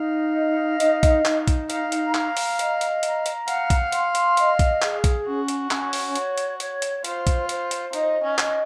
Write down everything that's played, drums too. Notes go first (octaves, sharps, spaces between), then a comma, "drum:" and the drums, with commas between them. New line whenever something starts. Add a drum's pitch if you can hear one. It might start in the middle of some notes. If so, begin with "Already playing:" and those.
Already playing: D#4 F5
D#5
D#4, drum: hi-hat
drum: kick A#1, hi-hat
D#4, drum: clap
drum: kick A#1, hi-hat
F5 A#5, drum: hi-hat
drum: hi-hat
A#5, drum: clap
drum: open hi-hat
D#5, drum: hi-hat
drum: hi-hat
A#5, drum: hi-hat
drum: hi-hat
F5 F#5, drum: hi-hat
drum: kick A#1, hi-hat
C6, drum: hi-hat
drum: hi-hat
D#5, drum: hi-hat
drum: kick A#1, hi-hat
G#4, drum: clap
drum: kick A#1, hi-hat
C#4 F#4
drum: hi-hat
C#4, drum: clap
drum: open hi-hat
C#5, drum: hi-hat
drum: hi-hat
C#5, drum: hi-hat
drum: hi-hat
F4 C5, drum: hi-hat
drum: kick A#1, hi-hat
C5, drum: hi-hat
drum: hi-hat
D#4 D#5, drum: hi-hat
C#4
D#5, drum: clap